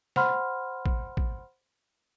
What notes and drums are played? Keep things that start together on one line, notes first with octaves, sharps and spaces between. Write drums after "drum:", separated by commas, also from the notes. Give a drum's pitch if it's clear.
C5 F#5 B5 C6 F6, drum: snare
drum: kick A1
drum: kick A1